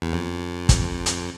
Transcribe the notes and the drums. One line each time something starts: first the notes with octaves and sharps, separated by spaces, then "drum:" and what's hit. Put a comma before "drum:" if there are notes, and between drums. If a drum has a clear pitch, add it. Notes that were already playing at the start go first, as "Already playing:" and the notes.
E2
F2
drum: kick, hi-hat
drum: hi-hat